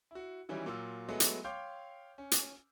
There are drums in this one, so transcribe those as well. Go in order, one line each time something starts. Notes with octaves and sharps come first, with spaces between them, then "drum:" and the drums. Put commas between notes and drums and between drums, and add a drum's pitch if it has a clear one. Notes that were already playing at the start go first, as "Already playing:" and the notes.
E4 F#4
D#3 E3 F#3 G3 C#4 E4
A#2 F#3 F4 E6
F#3 G#3 A3 B3 E4
drum: hi-hat
C#5 F5 G5 C6 D6 G6
C#4
drum: hi-hat